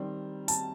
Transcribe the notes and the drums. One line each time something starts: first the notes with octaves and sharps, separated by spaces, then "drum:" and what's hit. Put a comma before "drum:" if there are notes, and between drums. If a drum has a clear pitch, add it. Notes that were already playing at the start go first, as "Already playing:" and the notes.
Already playing: D#3 G3 C4
A5, drum: hi-hat